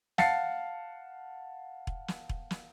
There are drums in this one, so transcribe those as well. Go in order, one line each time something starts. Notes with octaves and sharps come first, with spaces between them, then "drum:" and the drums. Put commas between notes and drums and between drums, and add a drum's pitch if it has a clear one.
F5 F#5 A5 A6 C7 C#7, drum: snare
drum: kick E1
drum: snare
drum: kick E1
drum: snare